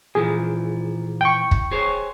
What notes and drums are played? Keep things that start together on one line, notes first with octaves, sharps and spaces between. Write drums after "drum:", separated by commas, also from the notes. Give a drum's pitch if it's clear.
A#2 E3 F3 G#4
G5 C#6
drum: kick
G#4 C5 C#5